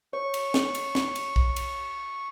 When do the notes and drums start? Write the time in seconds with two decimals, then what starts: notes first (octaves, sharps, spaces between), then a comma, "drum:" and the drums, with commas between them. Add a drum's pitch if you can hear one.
0.13 C#5 C#6
0.34 drum: cymbal
0.54 drum: snare
0.75 drum: cymbal
0.95 drum: snare
1.16 drum: cymbal
1.36 drum: kick
1.56 drum: cymbal